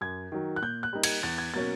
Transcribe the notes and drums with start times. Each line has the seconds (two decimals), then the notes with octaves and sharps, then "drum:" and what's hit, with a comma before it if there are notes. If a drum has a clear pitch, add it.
0.01 F#2 G#6
0.32 D#3 F#3
0.56 F#6
0.62 A#2 G6
0.83 F#6
0.93 G3 A#3 D#4
1.03 G#6, drum: cymbal
1.23 E2 A6
1.38 G#6
1.54 B2 F#3 A#3 C#4 A6